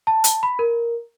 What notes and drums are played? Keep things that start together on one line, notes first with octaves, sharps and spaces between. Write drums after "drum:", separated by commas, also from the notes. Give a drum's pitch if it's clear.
A5
drum: hi-hat
B5
A#4